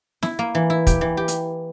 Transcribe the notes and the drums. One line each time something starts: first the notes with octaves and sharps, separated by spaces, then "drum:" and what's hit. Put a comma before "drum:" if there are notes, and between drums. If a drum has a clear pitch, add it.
E4, drum: snare
A#3
E3
E4
G4, drum: kick, hi-hat
E3
G4
drum: hi-hat